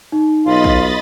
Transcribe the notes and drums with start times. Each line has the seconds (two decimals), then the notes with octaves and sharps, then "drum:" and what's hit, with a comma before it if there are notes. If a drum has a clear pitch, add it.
0.12 D#4
0.46 B1 F4 D#5 B5 A6
0.64 drum: kick